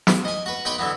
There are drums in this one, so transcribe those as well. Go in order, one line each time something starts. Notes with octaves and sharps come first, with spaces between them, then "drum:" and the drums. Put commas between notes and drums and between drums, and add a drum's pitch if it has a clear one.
drum: snare
D#5 G#5
F#4 B4
B1 B4 G5 B5 C#6 D6
D3 E3 F#3 B3